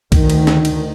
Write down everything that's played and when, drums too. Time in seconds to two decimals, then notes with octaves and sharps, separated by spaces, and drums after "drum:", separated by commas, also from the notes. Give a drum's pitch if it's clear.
0.12 D2 D#3, drum: kick B1, cymbal
0.30 drum: cymbal
0.47 drum: snare
0.65 drum: cymbal